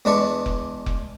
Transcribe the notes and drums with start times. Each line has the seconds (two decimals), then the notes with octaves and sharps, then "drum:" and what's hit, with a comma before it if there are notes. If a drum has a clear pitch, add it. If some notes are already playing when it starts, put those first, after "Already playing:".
0.05 E2 G#3 D4 B4 D5 C#6
0.46 drum: kick F1
0.86 drum: kick F1